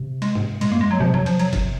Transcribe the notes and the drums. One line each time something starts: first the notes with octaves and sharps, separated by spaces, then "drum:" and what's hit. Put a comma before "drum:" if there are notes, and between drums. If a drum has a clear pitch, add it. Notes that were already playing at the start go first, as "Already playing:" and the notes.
Already playing: C3
G#3, drum: cymbal
drum: tom G#2
A#2 G#3, drum: cymbal
F#2 A#3
G#3
F#3
C3 F3
F#3, drum: tom E2
F3, drum: cymbal
F#3, drum: cymbal
drum: kick F#1, cymbal